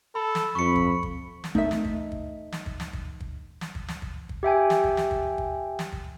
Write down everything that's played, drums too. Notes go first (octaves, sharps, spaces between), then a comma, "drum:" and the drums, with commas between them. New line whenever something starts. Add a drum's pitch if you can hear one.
A4 B5
drum: snare
F2 B5 C#6 C#7
drum: kick
drum: kick
drum: snare
A3 D#4 E5, drum: kick
drum: snare
drum: kick
drum: kick
drum: snare
drum: kick
drum: snare
drum: kick
drum: kick
drum: snare
drum: kick
drum: snare
drum: kick
drum: kick
G4 E5 G5 G#5
drum: snare
drum: kick
drum: snare
drum: kick
drum: kick
drum: snare
drum: kick